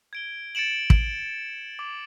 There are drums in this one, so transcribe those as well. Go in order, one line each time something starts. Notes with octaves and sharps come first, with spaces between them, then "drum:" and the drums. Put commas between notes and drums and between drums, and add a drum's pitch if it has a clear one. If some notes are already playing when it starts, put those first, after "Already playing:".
G#6 D7 G7
A6 C#7 D7 E7 F#7
drum: kick
D6